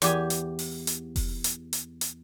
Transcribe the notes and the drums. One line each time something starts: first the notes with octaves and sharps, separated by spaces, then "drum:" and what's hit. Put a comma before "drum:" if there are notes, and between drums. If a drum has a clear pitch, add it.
E2 G4 G#5, drum: hi-hat
drum: hi-hat
drum: open hi-hat
drum: hi-hat
drum: kick F1, open hi-hat
drum: hi-hat
drum: hi-hat
drum: hi-hat